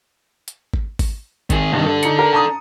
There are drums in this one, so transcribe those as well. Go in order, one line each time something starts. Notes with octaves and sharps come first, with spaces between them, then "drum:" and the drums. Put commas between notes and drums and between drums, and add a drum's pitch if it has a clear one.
drum: hi-hat
drum: kick G#1
drum: kick G#1, open hi-hat
D#3 G#4, drum: kick G#1, hi-hat
C2 G2 D#3
D4 A4
D#4 C#7, drum: hi-hat
A#4
A5 A#5 D#6